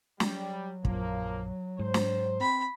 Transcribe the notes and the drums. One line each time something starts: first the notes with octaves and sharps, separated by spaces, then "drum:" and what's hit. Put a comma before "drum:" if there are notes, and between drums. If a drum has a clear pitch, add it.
F#3 G3, drum: snare
A#1 F#2 F3 A#3, drum: kick
G#2 C5
drum: snare
C4 B5